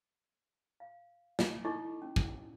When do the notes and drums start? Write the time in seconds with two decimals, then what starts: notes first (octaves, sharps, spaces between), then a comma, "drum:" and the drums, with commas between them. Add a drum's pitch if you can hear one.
0.80 F5
1.39 drum: snare
1.65 D#4 E4 A4 D#5 C#6 D6
2.02 C#4
2.16 drum: kick